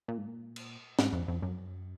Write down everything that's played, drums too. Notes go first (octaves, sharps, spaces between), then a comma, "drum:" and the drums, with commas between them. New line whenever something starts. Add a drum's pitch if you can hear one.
A#2
G#2
A#2
drum: cymbal
G#2, drum: snare
F2
F2
F#2